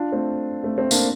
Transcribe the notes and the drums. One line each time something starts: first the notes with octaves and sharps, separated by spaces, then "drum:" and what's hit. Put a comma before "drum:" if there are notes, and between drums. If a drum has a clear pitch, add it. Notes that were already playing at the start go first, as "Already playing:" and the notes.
Already playing: D4 F4
A3 C4
A3 C4
A3 C4
A#3 D4, drum: tambourine